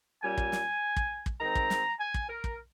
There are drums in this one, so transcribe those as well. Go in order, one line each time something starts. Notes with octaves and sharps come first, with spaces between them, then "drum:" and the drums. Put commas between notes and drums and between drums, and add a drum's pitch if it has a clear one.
A#2 G3 C#4 G#5
drum: kick
drum: snare
drum: kick
drum: kick
D#3 G#3 C4 A#5
drum: kick
drum: snare
G#5
drum: kick
A#4
drum: kick